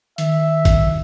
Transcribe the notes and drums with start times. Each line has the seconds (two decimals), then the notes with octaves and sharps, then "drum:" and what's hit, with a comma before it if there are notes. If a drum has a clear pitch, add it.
0.18 D#3 E5, drum: hi-hat
0.65 drum: kick, hi-hat